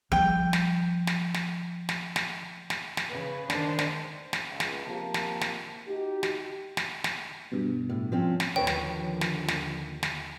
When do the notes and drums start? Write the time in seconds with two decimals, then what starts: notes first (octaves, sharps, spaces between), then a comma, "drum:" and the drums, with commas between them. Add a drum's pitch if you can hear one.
0.12 F3 G3 G5
0.53 drum: snare
1.07 drum: snare
1.35 drum: snare
1.89 drum: snare
2.16 drum: snare
2.70 drum: snare
2.97 drum: snare
3.11 C#3 B4
3.50 D#3 G#3 D4 C5, drum: snare
3.79 drum: snare
4.33 drum: snare
4.49 C#2
4.60 drum: snare
4.85 C3 F3 A#3 A5
5.14 drum: snare
5.42 drum: snare
5.87 D#4 F#4 G4
6.23 drum: snare
6.77 drum: snare
7.04 drum: snare
7.52 G2 B2
7.89 A2
8.12 F3 C4 C#4
8.40 drum: snare
8.56 D#2 D3 F3 B4 C#5 G5
8.67 drum: snare
9.21 drum: snare
9.49 drum: snare
10.03 drum: snare